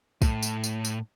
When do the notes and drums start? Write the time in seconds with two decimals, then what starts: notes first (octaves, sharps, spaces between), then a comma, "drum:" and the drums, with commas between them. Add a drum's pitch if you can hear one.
0.22 A2, drum: kick, tambourine
0.43 drum: tambourine
0.64 drum: tambourine
0.85 drum: tambourine